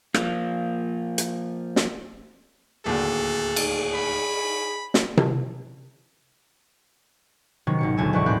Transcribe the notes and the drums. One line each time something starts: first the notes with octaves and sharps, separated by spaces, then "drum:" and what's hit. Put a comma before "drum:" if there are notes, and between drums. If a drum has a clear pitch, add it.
F3 A#3, drum: rim click
drum: hi-hat
drum: snare
D1 D#2 D3 G#4 A4
drum: cymbal
B5
drum: snare
drum: tom C3
C3 D#3 F#3 B3 C#4
G#1 B2 C#7
D#1 D2 B2 G#3 G#5 E6
G#1 B2 E3 B4 D5 C#6
D#2 A2 C4 B5 D6 F#6